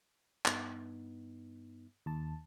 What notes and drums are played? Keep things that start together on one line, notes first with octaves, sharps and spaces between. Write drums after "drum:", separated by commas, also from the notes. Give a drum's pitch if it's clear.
G2 B3 D#4, drum: clap
D#2 A5